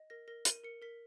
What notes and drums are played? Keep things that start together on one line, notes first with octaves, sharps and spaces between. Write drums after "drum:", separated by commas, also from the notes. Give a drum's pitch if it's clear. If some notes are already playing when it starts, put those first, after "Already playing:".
Already playing: D#5
A#4 A#6
A#4 A#6
A#4 D#7, drum: hi-hat
A#4 C#7
A#4 B6